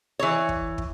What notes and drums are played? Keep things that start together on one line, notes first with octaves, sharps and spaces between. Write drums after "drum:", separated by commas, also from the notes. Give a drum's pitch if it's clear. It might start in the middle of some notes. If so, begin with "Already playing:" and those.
E3 C#5
drum: kick
drum: kick